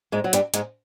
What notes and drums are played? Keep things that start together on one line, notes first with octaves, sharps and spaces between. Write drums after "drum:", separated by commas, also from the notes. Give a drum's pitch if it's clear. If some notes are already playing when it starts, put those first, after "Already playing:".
G#2 G#3
F#3
G2 G3, drum: hi-hat
G#2 G#3, drum: hi-hat